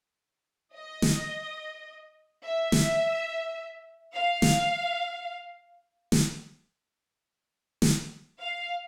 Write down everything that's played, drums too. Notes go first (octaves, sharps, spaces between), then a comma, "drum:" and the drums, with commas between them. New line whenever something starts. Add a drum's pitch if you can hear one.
D#5
drum: snare
E5
drum: snare
F5
drum: snare
drum: snare
drum: snare
F5